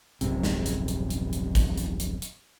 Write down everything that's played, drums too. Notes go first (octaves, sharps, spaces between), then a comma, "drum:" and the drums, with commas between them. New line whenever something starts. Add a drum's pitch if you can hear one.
D#1 A#1 F#2 C3, drum: hi-hat
drum: snare
drum: hi-hat
drum: hi-hat
drum: hi-hat
drum: hi-hat
drum: kick, hi-hat
drum: hi-hat
drum: hi-hat
drum: hi-hat